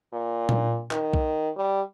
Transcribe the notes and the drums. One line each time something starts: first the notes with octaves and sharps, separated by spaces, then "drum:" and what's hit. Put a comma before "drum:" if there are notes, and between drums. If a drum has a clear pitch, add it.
A#2
drum: tom A#2
D#3, drum: clap
drum: kick
G3